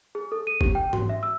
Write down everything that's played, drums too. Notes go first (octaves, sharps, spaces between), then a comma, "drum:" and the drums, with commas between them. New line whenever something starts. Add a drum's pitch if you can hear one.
G#4
A4
D#7
G4, drum: kick
G5
F#4, drum: tom G#2
E5
E6